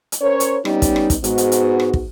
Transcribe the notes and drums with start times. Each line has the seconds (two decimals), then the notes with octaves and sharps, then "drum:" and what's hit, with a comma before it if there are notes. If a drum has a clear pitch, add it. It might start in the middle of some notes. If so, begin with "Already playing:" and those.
0.12 drum: hi-hat
0.22 C#4 A#4 C5 C#5
0.40 drum: hi-hat
0.65 G3 B3 C#4 D#4, drum: rim click
0.82 drum: kick, hi-hat
0.96 drum: rim click
1.10 drum: kick, hi-hat
1.24 G#2 B3 F#4, drum: hi-hat
1.38 drum: hi-hat
1.52 drum: hi-hat
1.80 drum: rim click
1.94 drum: kick